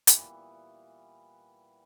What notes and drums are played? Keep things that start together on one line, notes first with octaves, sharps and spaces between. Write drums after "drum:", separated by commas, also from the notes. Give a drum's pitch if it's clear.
A#2 E3 G3 B3, drum: hi-hat